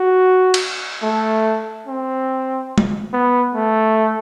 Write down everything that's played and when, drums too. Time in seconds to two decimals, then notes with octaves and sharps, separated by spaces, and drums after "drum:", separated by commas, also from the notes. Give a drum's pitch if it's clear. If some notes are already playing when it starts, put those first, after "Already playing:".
Already playing: F#4
0.54 drum: cymbal
1.03 A3
1.87 C4
2.78 drum: tom
3.13 B3
3.55 A3